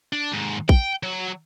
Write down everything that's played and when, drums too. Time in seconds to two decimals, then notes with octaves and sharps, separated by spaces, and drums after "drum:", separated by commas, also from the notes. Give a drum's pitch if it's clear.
0.13 D4
0.32 D#2 G#2
0.69 G5, drum: kick
1.03 F#3